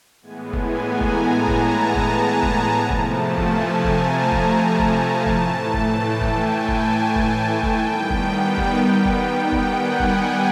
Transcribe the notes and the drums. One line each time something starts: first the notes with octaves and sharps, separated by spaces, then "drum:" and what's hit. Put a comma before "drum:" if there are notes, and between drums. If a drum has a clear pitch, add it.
A2 E3 G#3 B3 G#5
G#5, drum: kick F1
A#5
drum: kick F1
A5
A5, drum: kick F1
A#5
drum: kick F1
A5
drum: kick F1
C3 F3 A3 A#5
drum: kick F1
A5
G#5, drum: kick F1
A#5
drum: kick F1
A5
drum: kick F1
A5
drum: kick F1
A2 E3 A3 A5, drum: kick F1
drum: kick F1
G5
G#5, drum: kick F1
A5
drum: kick F1
drum: kick F1
drum: kick F1
D#3 G3 B3 G5
drum: kick F1
drum: kick F1
G5, drum: kick F1
F#5
drum: kick F1
G#5
G5, drum: kick F1